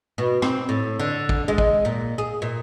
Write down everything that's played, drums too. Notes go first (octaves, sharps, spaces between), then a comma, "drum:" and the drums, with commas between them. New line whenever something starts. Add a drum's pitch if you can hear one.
B2
C4, drum: rim click
A2
D3
drum: kick
G#3
drum: kick
A#2
G#4
A#2